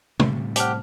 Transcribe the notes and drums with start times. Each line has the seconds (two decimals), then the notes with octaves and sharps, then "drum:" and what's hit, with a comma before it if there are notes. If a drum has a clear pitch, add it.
0.20 A2 C3 G3, drum: tom C3
0.56 G4 C5 F#5 A5 F6, drum: hi-hat